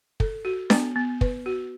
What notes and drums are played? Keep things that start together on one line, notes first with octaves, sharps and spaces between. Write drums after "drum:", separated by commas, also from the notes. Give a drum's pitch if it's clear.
A4, drum: kick
F#4
B3, drum: snare D4
B3
B4, drum: kick
F#4